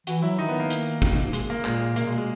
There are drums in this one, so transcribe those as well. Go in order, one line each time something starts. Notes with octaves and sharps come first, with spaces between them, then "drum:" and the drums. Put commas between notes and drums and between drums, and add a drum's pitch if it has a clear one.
E3 F#4, drum: hi-hat
F#3 E4
D#3 D#4
B3
A#3
drum: hi-hat
D#3, drum: kick
B2
G#2
G#3, drum: hi-hat
A#3
A#2 G#3, drum: clap
B2 A#3, drum: hi-hat
G#3
G#3